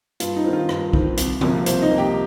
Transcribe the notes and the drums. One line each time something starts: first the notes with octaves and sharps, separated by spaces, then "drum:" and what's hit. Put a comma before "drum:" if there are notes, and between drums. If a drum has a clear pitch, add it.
G2 F4, drum: hi-hat
D#4
D#3 C4
F4
G2, drum: rim click
D#3 C4, drum: kick
C2, drum: hi-hat
C3 F3 A#3, drum: tom C#3
C2 C4 C5, drum: hi-hat
D#4 D#5
C3 F3 A#3
G4 G5